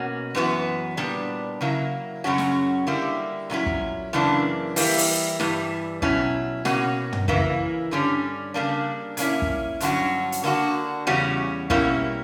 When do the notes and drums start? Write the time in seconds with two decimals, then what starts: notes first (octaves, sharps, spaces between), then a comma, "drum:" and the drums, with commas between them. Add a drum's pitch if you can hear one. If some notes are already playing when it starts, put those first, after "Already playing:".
Already playing: B2 A#3 C#4 F#4
0.35 F#2 E3 B3 F#4
0.97 A#2 G3 B3 D4
1.61 C#3 F#3 A#3 E4
2.24 F#2 C#3 F#3 C#4 F#4
2.38 drum: snare
2.87 D3 G3 A#3 E4
3.50 A#2 F#3 C#4 E4
3.66 drum: kick
4.13 F#2 C#3 E3 A#3 D4
4.76 E3 G3 A#3 E4, drum: open hi-hat
4.98 drum: open hi-hat
5.40 G2 E3 G3, drum: snare
6.02 B2 F#3 C#4 E4, drum: kick
6.65 B2 A#3 C#4 F#4, drum: snare
7.13 drum: tom
7.28 C#3 E3 A#3 E4, drum: kick
7.91 G2 D3 G3 C#4
8.54 C#3 G3 A#3 D4
9.17 A#2 A#3 C#4 E4, drum: hi-hat
9.42 drum: kick
9.80 G2 D3 F#3 C#4 F#4, drum: hi-hat
10.32 drum: hi-hat
10.44 D3 A#3 D4 F#4
11.07 E2 C#3 G3 C#4 F#4
11.70 B2 G3 A#3 C#4 E4, drum: kick